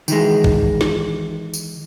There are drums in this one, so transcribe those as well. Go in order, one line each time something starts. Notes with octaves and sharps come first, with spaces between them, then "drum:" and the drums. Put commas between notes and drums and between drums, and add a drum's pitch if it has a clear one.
D#3 E3 G#3, drum: tambourine
drum: kick
drum: snare
drum: tambourine